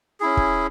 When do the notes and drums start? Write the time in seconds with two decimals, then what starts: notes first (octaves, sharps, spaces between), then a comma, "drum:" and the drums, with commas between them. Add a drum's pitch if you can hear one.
0.20 C#4 E4 G#4
0.37 drum: kick